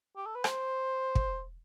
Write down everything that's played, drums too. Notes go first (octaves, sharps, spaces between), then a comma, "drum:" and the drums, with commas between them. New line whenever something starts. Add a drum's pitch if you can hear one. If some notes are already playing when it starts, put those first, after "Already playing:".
G4
A4
B4
C5, drum: rim click
drum: kick